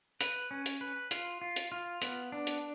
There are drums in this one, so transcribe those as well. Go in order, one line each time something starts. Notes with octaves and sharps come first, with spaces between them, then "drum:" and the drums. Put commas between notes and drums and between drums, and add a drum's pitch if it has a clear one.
B4, drum: hi-hat
C#4
drum: hi-hat
B4
F4, drum: hi-hat
F4
drum: hi-hat
F4
B3, drum: hi-hat
D4
drum: hi-hat